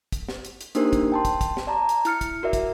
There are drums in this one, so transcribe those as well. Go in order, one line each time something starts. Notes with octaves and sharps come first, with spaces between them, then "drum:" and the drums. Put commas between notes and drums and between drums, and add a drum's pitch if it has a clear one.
drum: kick, hi-hat
drum: snare
drum: hi-hat
drum: hi-hat
A#3 D4 D#4 G4 A#4 C5, drum: hi-hat
drum: kick, hi-hat
G5 A5 C6
drum: kick, hi-hat
drum: kick, hi-hat
drum: snare
D5 A5 A#5
drum: hi-hat
E4 F6 C#7, drum: hi-hat
drum: kick, hi-hat
F#4 A#4 D5 E5
drum: kick, hi-hat